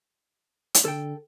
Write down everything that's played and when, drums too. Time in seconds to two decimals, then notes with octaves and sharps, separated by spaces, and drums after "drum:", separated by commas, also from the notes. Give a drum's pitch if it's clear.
0.74 drum: hi-hat
0.85 D3 A4 G5